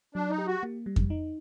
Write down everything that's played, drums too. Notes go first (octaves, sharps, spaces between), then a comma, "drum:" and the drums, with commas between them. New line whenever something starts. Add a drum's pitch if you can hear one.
F#3 D4
D#4
G4
F#4
A#3
G3
drum: kick F2
D#4